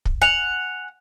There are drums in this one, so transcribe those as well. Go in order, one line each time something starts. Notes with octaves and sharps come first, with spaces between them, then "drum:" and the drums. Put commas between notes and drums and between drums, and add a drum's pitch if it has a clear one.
drum: kick
F#5 G#5 F7